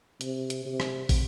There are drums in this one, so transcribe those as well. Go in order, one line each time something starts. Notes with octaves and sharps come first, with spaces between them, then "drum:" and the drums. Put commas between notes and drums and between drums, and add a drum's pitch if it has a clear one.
C3, drum: hi-hat
drum: hi-hat
C3
drum: rim click
drum: kick, open hi-hat